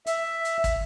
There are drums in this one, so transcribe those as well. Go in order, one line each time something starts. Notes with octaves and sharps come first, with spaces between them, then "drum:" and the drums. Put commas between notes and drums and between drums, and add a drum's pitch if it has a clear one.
E5, drum: hi-hat
drum: hi-hat
drum: kick, hi-hat